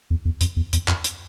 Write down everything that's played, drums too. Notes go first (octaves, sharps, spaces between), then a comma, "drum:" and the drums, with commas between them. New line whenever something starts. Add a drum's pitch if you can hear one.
E2
E2
F2, drum: hi-hat
E2
E2, drum: hi-hat
F2, drum: clap
drum: hi-hat